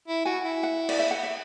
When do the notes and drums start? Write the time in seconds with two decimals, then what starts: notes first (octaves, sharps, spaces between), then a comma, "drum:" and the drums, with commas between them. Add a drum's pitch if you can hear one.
0.08 E4
0.25 F#4 G#5
0.45 E4
0.63 F#5
0.89 D5, drum: cymbal
0.99 E5
1.11 F#5
1.23 E5